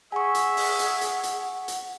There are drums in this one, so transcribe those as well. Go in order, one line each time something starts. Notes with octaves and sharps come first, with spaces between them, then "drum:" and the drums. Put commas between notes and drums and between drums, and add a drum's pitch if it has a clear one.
G#4 E5 F#5 G#5 C#6
drum: hi-hat
drum: open hi-hat
drum: hi-hat
drum: hi-hat
drum: hi-hat
drum: hi-hat